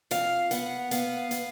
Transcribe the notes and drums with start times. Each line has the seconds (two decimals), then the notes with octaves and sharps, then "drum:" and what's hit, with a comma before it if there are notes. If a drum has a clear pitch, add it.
0.11 F2 F5, drum: hi-hat
0.51 B3 F#5, drum: hi-hat
0.91 B3 F5, drum: hi-hat
1.31 B3, drum: hi-hat